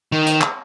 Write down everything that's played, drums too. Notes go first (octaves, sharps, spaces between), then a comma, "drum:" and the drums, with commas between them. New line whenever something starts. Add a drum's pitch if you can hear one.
D#3
drum: hi-hat
drum: clap